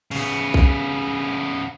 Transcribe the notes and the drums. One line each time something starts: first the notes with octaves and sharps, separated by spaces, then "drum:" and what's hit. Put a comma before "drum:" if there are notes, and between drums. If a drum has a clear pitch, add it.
C#3 B3, drum: cymbal
drum: kick A#1